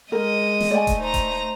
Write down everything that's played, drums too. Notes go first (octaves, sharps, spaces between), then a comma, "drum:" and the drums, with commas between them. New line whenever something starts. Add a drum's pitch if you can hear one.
G#3 A#4 D#5
drum: snare
A3 D5 G#5
drum: kick D#1, hi-hat
D#4 C5 A#5
drum: kick D#1, hi-hat